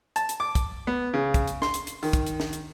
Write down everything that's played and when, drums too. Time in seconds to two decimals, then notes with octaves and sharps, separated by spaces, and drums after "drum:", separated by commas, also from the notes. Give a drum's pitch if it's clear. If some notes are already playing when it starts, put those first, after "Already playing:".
0.16 A5, drum: hi-hat
0.29 drum: hi-hat
0.40 D6
0.55 drum: kick, hi-hat
0.87 B3
1.14 C#3
1.34 drum: kick, hi-hat
1.48 drum: hi-hat
1.62 C6, drum: snare D4
1.74 drum: hi-hat
1.87 drum: hi-hat
2.03 D#3, drum: open hi-hat
2.13 drum: kick, hi-hat
2.27 drum: hi-hat
2.40 drum: snare D4
2.53 drum: hi-hat